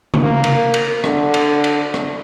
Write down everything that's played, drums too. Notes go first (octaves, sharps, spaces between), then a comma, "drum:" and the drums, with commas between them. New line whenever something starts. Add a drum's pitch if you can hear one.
drum: tom
A#3
drum: cymbal
drum: cymbal
D3, drum: rim click
drum: cymbal
drum: cymbal
drum: rim click